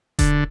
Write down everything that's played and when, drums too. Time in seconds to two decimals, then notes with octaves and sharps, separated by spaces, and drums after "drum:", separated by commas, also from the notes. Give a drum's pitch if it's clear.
0.19 D3, drum: kick E1, hi-hat